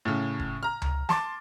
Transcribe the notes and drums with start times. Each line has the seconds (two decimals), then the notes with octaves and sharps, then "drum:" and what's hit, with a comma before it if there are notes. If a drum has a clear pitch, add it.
0.05 A2 C#3
0.39 drum: kick F1
0.63 A#5 F6
0.82 drum: tom C#2
1.09 A5 C6 D6 A6, drum: snare